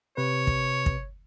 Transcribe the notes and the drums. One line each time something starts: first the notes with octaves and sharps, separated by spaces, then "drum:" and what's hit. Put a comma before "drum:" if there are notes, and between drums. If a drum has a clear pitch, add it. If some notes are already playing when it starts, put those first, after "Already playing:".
C3 B4 C#5
drum: kick
drum: kick